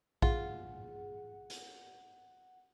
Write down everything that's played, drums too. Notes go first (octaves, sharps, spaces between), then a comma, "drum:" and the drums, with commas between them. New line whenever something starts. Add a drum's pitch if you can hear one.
F4 G#4 F#5, drum: kick A#1
drum: hi-hat